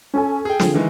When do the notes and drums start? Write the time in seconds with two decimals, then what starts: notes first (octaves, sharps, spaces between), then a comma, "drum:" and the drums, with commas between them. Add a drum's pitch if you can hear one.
0.14 C#4 A4 G#5
0.45 G#4 A4 G5
0.60 D3 F3, drum: snare
0.74 D#3 E3 G#3